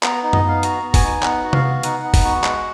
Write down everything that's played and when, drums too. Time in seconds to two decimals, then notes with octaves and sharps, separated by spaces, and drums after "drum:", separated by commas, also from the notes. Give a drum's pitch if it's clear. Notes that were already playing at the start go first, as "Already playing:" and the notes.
0.03 B3 A#5, drum: clap
0.23 D#4
0.33 D#5, drum: tom F#2
0.44 B3 F5
0.63 F#4 A#5, drum: hi-hat
0.83 B3
0.94 G#5, drum: kick F#1, open hi-hat
1.03 D#4
1.23 B3 F#5, drum: clap
1.44 F#4
1.53 F5, drum: tom C3
1.64 B3
1.83 D#4 F#5, drum: hi-hat
2.03 B3
2.14 drum: kick F#1, open hi-hat
2.24 F#4
2.44 G#3, drum: clap